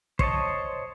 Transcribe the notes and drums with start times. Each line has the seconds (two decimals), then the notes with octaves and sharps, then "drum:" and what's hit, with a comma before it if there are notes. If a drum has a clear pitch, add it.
0.19 C5 C#5 D#5 A5, drum: kick